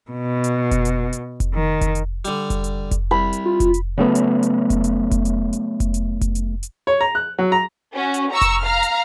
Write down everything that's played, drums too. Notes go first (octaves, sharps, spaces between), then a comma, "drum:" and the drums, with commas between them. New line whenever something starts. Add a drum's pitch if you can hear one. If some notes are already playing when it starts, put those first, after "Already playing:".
B2
drum: hi-hat
drum: kick F1, hi-hat
drum: hi-hat
drum: hi-hat
drum: kick F1, hi-hat
D#3
drum: kick F1, hi-hat
drum: hi-hat
D3 G3, drum: hi-hat
drum: kick F1, hi-hat
drum: hi-hat
drum: kick F1, hi-hat
C2 B5
drum: hi-hat
F4
drum: kick F1, hi-hat
drum: hi-hat
C#3 F#3 A3 B3
drum: hi-hat
drum: hi-hat
drum: kick F1, hi-hat
drum: hi-hat
drum: kick F1, hi-hat
drum: hi-hat
drum: hi-hat
drum: kick F1, hi-hat
drum: hi-hat
drum: kick F1, hi-hat
drum: hi-hat
drum: hi-hat
C#5
A#5
F#6
F#3
A#5
C#4 F#4
drum: hi-hat
A#5 C#6 E6
drum: kick F1, hi-hat
F5 A#5 F6
drum: hi-hat